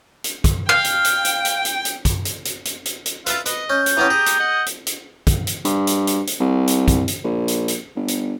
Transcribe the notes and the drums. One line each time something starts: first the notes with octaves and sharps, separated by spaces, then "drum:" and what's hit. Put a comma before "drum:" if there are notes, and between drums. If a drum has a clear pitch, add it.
drum: hi-hat
drum: kick, hi-hat
F5 G5
drum: hi-hat
drum: hi-hat
drum: hi-hat
drum: hi-hat
drum: hi-hat
drum: hi-hat
drum: kick, hi-hat
drum: hi-hat
drum: hi-hat
drum: hi-hat
drum: hi-hat
drum: hi-hat
F4 B4 E5 A5 E6 F6, drum: hi-hat
B4 D#5, drum: hi-hat
C#4 G6
drum: hi-hat
E3 B3 C#4 G4 A#5 D#6
G#4
drum: hi-hat
D#5 F#5 D#6
drum: hi-hat
drum: hi-hat
drum: kick, hi-hat
drum: hi-hat
G2, drum: hi-hat
drum: hi-hat
drum: hi-hat
drum: hi-hat
C2
drum: hi-hat
drum: kick, hi-hat
drum: hi-hat
A#1
drum: hi-hat
drum: hi-hat
G1
drum: hi-hat